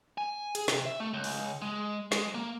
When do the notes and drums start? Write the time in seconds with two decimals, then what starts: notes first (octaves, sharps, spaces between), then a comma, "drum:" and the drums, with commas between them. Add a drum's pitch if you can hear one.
0.18 G#5
0.55 G#4, drum: hi-hat
0.68 C3, drum: snare
0.86 E5
1.00 A3
1.14 C#2
1.24 drum: open hi-hat
1.62 G#3
2.12 G#3, drum: snare
2.35 A#3